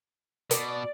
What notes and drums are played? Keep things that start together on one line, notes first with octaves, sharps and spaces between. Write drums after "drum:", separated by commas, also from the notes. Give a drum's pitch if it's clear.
B2 D5, drum: hi-hat